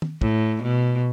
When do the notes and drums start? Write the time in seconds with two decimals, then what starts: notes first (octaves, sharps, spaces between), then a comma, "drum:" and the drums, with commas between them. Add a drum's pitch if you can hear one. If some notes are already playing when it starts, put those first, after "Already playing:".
0.02 drum: tom
0.22 A2, drum: kick
0.62 B2